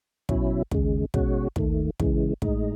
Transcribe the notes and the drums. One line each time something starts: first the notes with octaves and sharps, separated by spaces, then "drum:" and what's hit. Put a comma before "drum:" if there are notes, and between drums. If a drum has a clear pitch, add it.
B2 F#3 C#4 E4, drum: kick
D#2 C#3 G#3, drum: kick
B2 G#3 C#4 F#4, drum: kick
D#2 D#3 A3, drum: kick
C#3 E3 G#3, drum: kick
A2 G#3 D#4, drum: kick